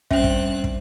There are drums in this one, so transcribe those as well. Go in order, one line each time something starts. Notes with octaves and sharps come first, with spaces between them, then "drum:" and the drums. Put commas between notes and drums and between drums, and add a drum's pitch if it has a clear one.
G2 C4 C#4 E5 F#6, drum: kick
drum: kick
drum: kick